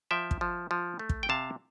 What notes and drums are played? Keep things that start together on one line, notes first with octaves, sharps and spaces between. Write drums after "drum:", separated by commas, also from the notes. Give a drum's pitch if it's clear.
F3 E5 G5
drum: kick
F3
F3
A3
drum: kick
G5
C3 F5 A5